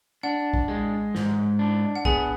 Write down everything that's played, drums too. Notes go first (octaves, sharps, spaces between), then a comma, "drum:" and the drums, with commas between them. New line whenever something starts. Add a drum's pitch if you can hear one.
D4 F#5
drum: kick
G#3
G#2, drum: snare
D4
F#5
B3 G#4 G#5, drum: kick